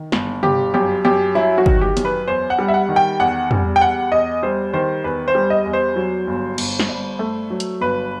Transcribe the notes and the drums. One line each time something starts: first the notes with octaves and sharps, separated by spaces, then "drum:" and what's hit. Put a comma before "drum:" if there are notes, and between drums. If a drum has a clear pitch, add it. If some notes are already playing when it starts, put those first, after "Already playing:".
Already playing: D#3
G1, drum: snare
G1 G4, drum: tom
F#2 G4
F#2 G4
F#3 E4
F#4
D#3, drum: kick
G4
F#2, drum: hi-hat
B4
E2 C5
F#5
G3
E5
F#5
D#3
G5
E2 F#5
G3, drum: tom
G5
E2 F#5
E2 D#5
G3 C5
D#3 C5
E2 B4
C5
G3
D#5
E2
C5
F#3
G1
G1, drum: cymbal
drum: snare
G2
A3
F#3
drum: hi-hat
G1 B4